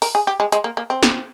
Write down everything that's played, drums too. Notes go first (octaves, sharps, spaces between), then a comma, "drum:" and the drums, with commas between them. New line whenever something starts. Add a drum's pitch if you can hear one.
A#4, drum: open hi-hat
G#4
G4
G#3
G#3, drum: hi-hat
A#3
A#3
C4
drum: snare